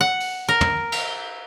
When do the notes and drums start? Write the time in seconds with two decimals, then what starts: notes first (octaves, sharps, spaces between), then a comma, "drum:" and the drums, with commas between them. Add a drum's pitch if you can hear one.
0.01 F#5
0.20 drum: open hi-hat
0.49 A#4
0.61 drum: tom
0.92 drum: cymbal